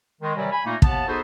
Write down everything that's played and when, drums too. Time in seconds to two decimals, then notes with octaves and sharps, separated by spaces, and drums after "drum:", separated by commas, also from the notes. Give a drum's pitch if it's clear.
0.22 D#3 G#3
0.36 C3 D#3 E3 F#3 G3
0.51 G#5 B5
0.65 A#2 A3 A#3 D#4
0.82 D#2 B3 A5, drum: kick
1.08 B3 D#4 F#4 G#4 A4 C5